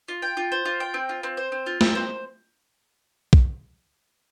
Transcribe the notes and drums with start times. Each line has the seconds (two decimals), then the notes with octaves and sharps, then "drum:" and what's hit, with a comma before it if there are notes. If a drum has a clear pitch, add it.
0.08 F4
0.22 G5
0.37 F4
0.52 C5
0.65 F4
0.80 G5
0.94 C4
1.09 F4
1.23 C4
1.37 C5
1.52 C4
1.66 F4
1.81 C4, drum: snare
1.95 C5
3.33 drum: kick B1